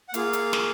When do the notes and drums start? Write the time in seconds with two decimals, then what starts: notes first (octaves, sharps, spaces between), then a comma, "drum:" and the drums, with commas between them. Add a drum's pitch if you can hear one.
0.09 F#5
0.14 A#3 F4 G#4 F5, drum: hi-hat
0.33 drum: hi-hat
0.53 drum: snare